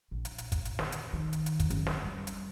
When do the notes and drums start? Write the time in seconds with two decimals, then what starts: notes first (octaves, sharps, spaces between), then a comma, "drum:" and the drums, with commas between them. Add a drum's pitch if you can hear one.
0.11 A#1
0.25 drum: hi-hat
0.38 drum: hi-hat
0.52 drum: kick, hi-hat
0.65 drum: hi-hat
0.79 drum: snare
0.92 drum: hi-hat
1.13 D#3
1.33 drum: hi-hat
1.46 drum: hi-hat
1.60 drum: kick, hi-hat
1.70 F#1, drum: hi-hat
1.87 drum: snare
2.05 G3
2.27 drum: hi-hat